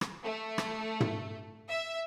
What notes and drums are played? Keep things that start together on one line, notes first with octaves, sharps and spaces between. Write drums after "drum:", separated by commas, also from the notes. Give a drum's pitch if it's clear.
drum: rim click
A3
drum: rim click
drum: tom
E5